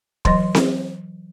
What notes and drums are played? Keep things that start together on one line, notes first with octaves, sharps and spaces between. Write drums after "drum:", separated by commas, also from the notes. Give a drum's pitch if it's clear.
E3 F#3 D#5, drum: kick
drum: snare C4